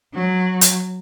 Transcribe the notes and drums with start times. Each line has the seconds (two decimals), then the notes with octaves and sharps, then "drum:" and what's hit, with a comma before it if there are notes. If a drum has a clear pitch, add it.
0.14 F#3
0.61 drum: hi-hat